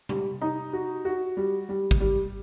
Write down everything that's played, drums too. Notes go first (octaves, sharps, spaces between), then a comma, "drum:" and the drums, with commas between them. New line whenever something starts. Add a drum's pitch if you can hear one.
G3, drum: tom C3
D#4
F#4
F#4
G3
G3
drum: kick
G3